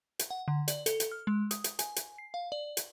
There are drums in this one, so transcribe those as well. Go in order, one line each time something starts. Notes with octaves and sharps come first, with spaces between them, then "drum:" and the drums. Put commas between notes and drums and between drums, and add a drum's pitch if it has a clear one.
drum: hi-hat
F#5
D3
D5, drum: hi-hat
A4, drum: hi-hat
drum: hi-hat
F6
G#3
D#6, drum: hi-hat
drum: hi-hat
G#5, drum: hi-hat
drum: hi-hat
C7
F5
D5
drum: hi-hat